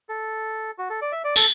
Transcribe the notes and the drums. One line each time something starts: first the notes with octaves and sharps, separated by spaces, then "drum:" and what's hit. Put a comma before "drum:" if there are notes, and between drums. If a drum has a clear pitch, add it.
A4
F#4
A4
D5
E5
D5
A4, drum: tambourine